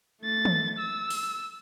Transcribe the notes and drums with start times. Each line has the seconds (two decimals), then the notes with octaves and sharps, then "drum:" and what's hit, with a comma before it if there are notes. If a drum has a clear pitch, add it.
0.22 A3 A6
0.45 drum: tom
0.79 E6
1.10 drum: open hi-hat